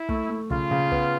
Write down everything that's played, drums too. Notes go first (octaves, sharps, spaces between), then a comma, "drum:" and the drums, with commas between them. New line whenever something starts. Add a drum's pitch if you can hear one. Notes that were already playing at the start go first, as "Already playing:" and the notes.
Already playing: E4
A3, drum: kick
A3
C#3 F4, drum: kick
C#3
B3, drum: kick